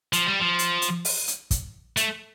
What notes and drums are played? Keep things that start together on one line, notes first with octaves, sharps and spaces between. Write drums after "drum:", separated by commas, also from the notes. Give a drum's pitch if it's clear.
F3, drum: hi-hat
G3
F3
drum: hi-hat
drum: hi-hat
drum: open hi-hat
drum: hi-hat
drum: kick, hi-hat
A3, drum: hi-hat